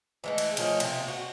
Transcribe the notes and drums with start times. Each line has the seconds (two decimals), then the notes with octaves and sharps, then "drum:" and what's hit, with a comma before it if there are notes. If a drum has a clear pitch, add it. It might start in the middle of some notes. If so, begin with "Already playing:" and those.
0.24 E3 G#3 A3
0.38 drum: cymbal
0.57 D#3 F3 A3 C#4, drum: cymbal
0.80 C3, drum: cymbal
1.08 F#4